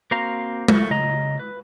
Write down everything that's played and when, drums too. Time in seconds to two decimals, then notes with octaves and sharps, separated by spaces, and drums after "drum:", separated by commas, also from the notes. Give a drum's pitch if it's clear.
0.11 A#3 C4 F#4 C5 F5 A#5
0.68 A3, drum: tom G#3
0.91 C#3 D#5 A#5
1.39 B4